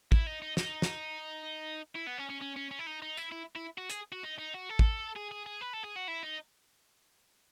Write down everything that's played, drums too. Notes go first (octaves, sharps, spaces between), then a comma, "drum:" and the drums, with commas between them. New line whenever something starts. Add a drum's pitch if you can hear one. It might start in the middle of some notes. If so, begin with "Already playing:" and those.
E4, drum: kick
D#4
D#4
D#4, drum: snare
drum: snare
E4
B3
C#4
C#4
C#4
C#4
C#4
E4
D#4
D#4
E4, drum: tambourine
E4
E4
F#4
G#4, drum: hi-hat
F#4
D#4
D#4
F#4
A4
drum: kick
G#4
G#4
G#4
B4
A4
G#4
F#4
E4
D#4